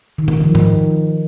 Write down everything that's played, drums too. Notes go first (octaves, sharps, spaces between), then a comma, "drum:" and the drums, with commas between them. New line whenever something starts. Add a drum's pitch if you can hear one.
D#3
drum: tom A#2
D#3
F3
drum: tom G#2